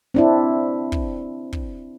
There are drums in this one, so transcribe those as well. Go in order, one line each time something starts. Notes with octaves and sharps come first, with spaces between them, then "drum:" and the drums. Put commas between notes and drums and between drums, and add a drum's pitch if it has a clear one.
C4 D4 E4
drum: kick
drum: kick